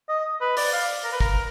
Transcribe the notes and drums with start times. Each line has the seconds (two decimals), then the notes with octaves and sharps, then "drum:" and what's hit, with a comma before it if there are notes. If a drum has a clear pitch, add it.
0.09 D#5
0.41 B4
0.57 D5, drum: open hi-hat
0.73 F5
1.04 A#4
1.13 B4
1.20 A#4, drum: kick